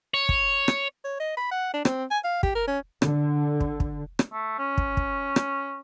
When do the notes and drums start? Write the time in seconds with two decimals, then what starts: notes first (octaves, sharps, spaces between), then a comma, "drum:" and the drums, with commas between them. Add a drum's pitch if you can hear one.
0.14 C#5
0.29 drum: kick
0.68 drum: rim click
1.04 C#5
1.20 D#5
1.37 B5
1.51 F#5
1.74 D4
1.85 C4, drum: rim click
2.11 G#5
2.24 F5
2.43 G4, drum: kick
2.55 A#4
2.68 C#4
3.02 D3, drum: rim click
3.60 drum: kick
3.80 drum: kick
4.19 drum: rim click
4.32 A3
4.59 C#4
4.78 drum: kick
4.97 drum: kick
5.36 drum: rim click